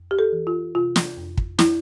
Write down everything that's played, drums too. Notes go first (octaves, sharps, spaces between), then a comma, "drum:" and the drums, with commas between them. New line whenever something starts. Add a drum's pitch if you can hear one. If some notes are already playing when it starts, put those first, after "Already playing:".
Already playing: F2
G4
A4
E3
F4
C3 F4
drum: snare
F2
drum: kick
E4, drum: snare